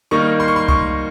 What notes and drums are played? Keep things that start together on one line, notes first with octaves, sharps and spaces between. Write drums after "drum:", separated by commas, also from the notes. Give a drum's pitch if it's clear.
D#3 G3 A#3 D#4 C#6
C6
C#6
C6
C#6, drum: kick C#2